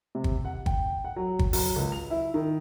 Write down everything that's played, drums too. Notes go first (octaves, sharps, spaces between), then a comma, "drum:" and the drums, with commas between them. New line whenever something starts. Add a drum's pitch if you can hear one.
C3
drum: kick
F#5
G5, drum: kick
F#5
F#3
drum: kick
F#3, drum: open hi-hat
C#2
F7
E4
D#3